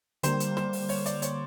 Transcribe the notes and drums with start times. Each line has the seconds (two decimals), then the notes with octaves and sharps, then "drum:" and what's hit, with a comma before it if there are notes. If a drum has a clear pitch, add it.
0.23 D3 G3 A#3 C5, drum: hi-hat
0.40 drum: hi-hat
0.57 C5, drum: snare
0.73 drum: open hi-hat
0.89 C#5, drum: open hi-hat
1.06 D5, drum: hi-hat
1.22 C#5, drum: hi-hat